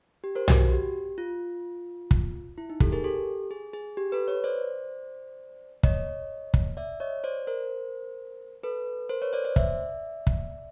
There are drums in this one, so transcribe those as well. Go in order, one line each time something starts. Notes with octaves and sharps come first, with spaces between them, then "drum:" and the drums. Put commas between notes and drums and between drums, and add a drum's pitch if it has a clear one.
G4
A#4 C5
F#4, drum: tom B1
F#4
G4
F4
drum: kick
E4
D#4
G4 A4, drum: kick
G#4 A#4
G4 A4
G#4
G#4
G4
A4 B4
B4 C#5
C5 D5
C#5 D#5, drum: kick
drum: kick
D5 E5
C#5 D#5
C5 D5
A#4 C5
A4 B4
A#4 C5
B4 C#5
C5 D5
C5 D5
D5 E5, drum: kick
drum: kick